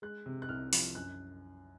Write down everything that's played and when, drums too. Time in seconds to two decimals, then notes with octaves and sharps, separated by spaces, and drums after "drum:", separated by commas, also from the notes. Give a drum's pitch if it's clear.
0.02 G#3 F#6
0.26 C3
0.42 F#6
0.49 C2 F6
0.73 F3, drum: open hi-hat
0.95 F#2 F#6